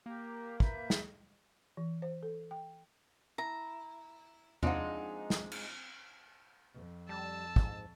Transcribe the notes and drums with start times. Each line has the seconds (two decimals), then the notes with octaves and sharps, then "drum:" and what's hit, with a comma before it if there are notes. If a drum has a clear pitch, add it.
0.06 A#3 G4
0.60 B4 E5 G6, drum: kick
0.90 drum: snare
1.77 E3
2.02 C5
2.23 A4
2.51 G5
3.38 E4 A#5
4.63 F3 G#3 C4 D4 D#4 F4 F#5, drum: tom E2
5.30 drum: snare
5.52 drum: cymbal
6.74 F2
7.09 G3 A5 E6
7.56 G#2, drum: kick